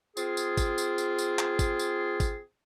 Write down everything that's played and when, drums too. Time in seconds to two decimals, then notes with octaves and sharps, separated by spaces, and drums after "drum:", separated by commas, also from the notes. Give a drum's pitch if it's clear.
0.17 C4 F4 G#4, drum: tambourine
0.37 drum: tambourine
0.57 drum: kick G#1, tambourine
0.78 drum: tambourine
0.98 drum: tambourine
1.18 drum: tambourine
1.39 drum: clap
1.59 drum: kick G#1, tambourine
1.79 drum: tambourine
2.20 drum: kick G#1, tambourine